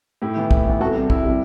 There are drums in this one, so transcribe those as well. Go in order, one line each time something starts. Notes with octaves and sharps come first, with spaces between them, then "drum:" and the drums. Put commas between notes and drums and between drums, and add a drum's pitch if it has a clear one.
A2 E4 G4
E3 B3
A2, drum: kick
E3 B3
C2 F#4 A4
C3 G3
C2 E4, drum: kick
C3 G3